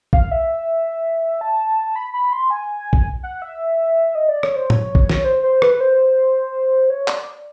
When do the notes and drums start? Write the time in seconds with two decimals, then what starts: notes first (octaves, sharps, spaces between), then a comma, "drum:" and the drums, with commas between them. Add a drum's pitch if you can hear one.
0.13 F5, drum: kick
0.31 E5
1.41 A5
1.96 B5
2.13 B5
2.33 C6
2.50 G#5
2.93 drum: kick
3.23 F#5
3.42 E5
4.15 D#5
4.29 D5
4.43 C#5, drum: rim click
4.56 C5
4.70 C#5, drum: tom A2
4.95 drum: kick
5.09 drum: snare
5.24 C5
5.43 C5
5.62 B4, drum: rim click
5.80 C5
6.90 C#5
7.08 D5, drum: clap